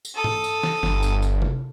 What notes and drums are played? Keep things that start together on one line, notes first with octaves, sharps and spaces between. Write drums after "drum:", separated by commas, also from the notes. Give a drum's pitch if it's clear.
drum: tambourine
A4 D#6
drum: tom G#2
drum: tambourine
drum: snare
G1, drum: snare
drum: tambourine
drum: tambourine
drum: tom C3